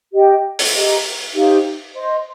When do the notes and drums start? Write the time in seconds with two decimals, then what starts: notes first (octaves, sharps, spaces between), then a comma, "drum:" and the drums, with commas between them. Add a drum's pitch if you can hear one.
0.13 G4 D#5 G5
0.59 drum: open hi-hat
0.74 G4 D#5 A#5
1.35 D#4 G4 C5 F5
1.95 C5 D#5 C6